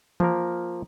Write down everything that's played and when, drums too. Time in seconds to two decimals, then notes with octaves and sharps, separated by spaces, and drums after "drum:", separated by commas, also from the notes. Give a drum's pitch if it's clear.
0.20 F3 A#3 A#4, drum: tom E3